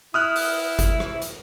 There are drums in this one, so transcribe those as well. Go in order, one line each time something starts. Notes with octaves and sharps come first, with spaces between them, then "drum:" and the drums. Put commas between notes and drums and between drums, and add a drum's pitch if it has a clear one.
E4 D#6 F6 F#6
drum: open hi-hat
drum: kick G1, hi-hat
drum: rim click
drum: hi-hat